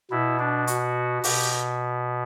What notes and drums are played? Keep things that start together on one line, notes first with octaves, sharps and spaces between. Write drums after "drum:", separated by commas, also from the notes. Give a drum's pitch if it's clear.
B2 E4
D4
F#4, drum: hi-hat
B2 G4, drum: open hi-hat